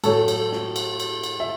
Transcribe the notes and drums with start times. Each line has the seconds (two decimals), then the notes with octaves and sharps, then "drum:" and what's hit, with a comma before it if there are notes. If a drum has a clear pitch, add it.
0.04 A2 F#3 A3 A4 C#5, drum: cymbal
0.28 drum: cymbal
0.52 drum: snare
0.76 drum: cymbal
1.00 drum: cymbal
1.23 drum: cymbal
1.40 E5